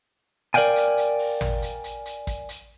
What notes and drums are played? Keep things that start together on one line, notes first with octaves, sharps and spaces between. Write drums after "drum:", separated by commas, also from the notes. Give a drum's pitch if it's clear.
A#4 D5 E5 F5 G5 G#5, drum: hi-hat
drum: hi-hat
drum: hi-hat
drum: open hi-hat
drum: tom
drum: hi-hat
drum: hi-hat
drum: hi-hat
drum: kick, hi-hat
drum: hi-hat